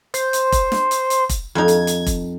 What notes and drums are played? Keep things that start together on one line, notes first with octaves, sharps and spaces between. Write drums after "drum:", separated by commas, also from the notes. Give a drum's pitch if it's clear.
C5, drum: hi-hat
drum: hi-hat
drum: kick F1, hi-hat
drum: snare
drum: hi-hat
drum: hi-hat
drum: kick F1, hi-hat
F2 D#4 G#6
drum: hi-hat
drum: hi-hat
drum: kick F1, hi-hat